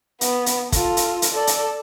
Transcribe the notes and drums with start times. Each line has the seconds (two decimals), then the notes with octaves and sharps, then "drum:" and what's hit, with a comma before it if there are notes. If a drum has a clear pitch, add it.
0.21 B3, drum: hi-hat
0.46 drum: hi-hat
0.72 F4 A4, drum: kick, hi-hat
0.97 drum: hi-hat
1.22 drum: hi-hat
1.33 A4 D5
1.47 drum: hi-hat